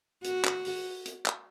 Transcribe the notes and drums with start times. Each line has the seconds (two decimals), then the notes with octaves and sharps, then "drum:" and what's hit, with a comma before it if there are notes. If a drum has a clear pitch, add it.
0.24 F#4, drum: hi-hat
0.44 drum: clap
0.65 drum: open hi-hat
1.06 drum: hi-hat
1.26 drum: clap